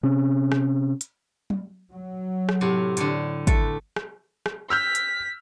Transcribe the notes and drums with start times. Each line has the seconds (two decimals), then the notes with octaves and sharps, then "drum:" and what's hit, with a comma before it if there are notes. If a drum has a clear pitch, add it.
0.03 C3 C#4
0.52 drum: rim click
1.01 drum: hi-hat
1.50 drum: tom F#3
1.91 F#3
2.49 drum: rim click
2.61 A2 C3
2.97 A2 D3, drum: hi-hat
3.47 A3 A4 B4, drum: kick, hi-hat
3.96 drum: rim click
4.46 drum: rim click
4.70 E6 F6 G6 B6
4.95 drum: hi-hat